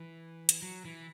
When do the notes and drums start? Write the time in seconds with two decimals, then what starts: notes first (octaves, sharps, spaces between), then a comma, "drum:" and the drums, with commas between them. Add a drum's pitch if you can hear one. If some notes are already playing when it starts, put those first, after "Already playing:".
Already playing: E3
0.49 drum: hi-hat
0.62 F#3
0.85 E3